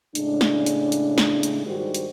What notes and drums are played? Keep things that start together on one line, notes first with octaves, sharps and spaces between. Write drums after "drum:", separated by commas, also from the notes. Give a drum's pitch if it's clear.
A2 C#3 G#3 D4, drum: hi-hat
drum: snare
drum: hi-hat
drum: hi-hat
drum: snare
drum: hi-hat
G#2 D#3 G3 G#3 F#4 C5
drum: hi-hat